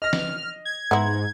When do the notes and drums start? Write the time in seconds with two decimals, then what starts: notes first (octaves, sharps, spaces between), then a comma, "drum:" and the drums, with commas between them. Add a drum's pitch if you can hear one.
0.02 D#5 F6 A#6
0.13 drum: snare
0.65 G#6
0.91 G#2 B3 E4 F#5 A#5 C6